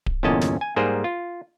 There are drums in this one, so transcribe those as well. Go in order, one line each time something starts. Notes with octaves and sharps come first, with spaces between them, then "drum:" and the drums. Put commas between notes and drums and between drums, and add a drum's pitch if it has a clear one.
drum: kick D1
G1 E2 A#2 C#4 D#5 A5
drum: snare
G#5
G#2 G3 A#3 G#4 C5
F4